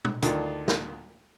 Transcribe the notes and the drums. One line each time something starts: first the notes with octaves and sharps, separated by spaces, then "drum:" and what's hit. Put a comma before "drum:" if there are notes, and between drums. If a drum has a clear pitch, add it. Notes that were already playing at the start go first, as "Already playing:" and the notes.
drum: tom
D2 D#3 D4 F4 F5, drum: hi-hat
drum: snare